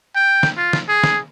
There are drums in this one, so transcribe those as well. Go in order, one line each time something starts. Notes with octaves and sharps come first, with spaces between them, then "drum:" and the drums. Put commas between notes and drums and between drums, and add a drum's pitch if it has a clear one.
G5
drum: snare
F4
drum: snare
G#4
drum: snare